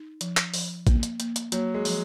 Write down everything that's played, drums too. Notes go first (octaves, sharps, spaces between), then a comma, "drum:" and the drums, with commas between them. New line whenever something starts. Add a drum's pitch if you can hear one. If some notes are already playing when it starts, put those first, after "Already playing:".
Already playing: D#4
F3, drum: hi-hat
drum: clap
F3, drum: open hi-hat
A#3, drum: kick, hi-hat
drum: hi-hat
A#3, drum: hi-hat
drum: hi-hat
F#3 A#3, drum: hi-hat
G#3
F3, drum: open hi-hat